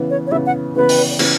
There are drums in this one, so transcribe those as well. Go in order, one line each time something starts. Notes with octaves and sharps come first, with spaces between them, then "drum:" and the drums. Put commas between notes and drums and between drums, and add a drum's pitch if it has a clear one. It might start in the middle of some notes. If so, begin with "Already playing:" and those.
Already playing: C#3 E3 B3
C#5
C#5
C#3 E3 B3 E5
F#5
C#3 E3 B3 B4
drum: open hi-hat
C#3 E3 B3, drum: cymbal